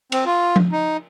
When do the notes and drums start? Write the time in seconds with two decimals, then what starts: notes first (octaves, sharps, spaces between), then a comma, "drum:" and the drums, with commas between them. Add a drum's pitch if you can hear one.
0.12 C4, drum: cymbal
0.26 F4
0.56 drum: tom F3
0.72 D#4